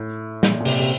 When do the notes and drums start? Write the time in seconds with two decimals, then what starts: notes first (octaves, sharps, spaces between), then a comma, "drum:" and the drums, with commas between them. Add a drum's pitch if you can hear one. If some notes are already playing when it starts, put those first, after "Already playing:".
Already playing: A2
0.43 A#2, drum: snare
0.60 A#2
0.65 C3, drum: open hi-hat
0.79 C3